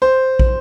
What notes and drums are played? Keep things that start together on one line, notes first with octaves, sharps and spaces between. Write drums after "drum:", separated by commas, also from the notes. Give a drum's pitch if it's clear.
C5
drum: kick